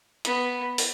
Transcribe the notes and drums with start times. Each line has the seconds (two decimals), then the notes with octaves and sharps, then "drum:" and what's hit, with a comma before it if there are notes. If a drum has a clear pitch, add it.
0.25 B3, drum: hi-hat
0.78 drum: open hi-hat